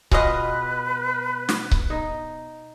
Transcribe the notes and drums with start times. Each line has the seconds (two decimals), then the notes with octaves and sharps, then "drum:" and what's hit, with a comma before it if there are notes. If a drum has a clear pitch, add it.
0.11 B2 G#3 F4 B4 D#5, drum: kick C#1
1.49 drum: snare
1.71 drum: kick C#1
1.90 D#4